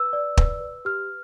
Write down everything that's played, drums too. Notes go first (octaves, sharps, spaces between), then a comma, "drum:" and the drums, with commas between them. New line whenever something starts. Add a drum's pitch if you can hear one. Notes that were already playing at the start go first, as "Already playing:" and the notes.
Already playing: B4 E6
D5
B4, drum: kick
B4
G4 F6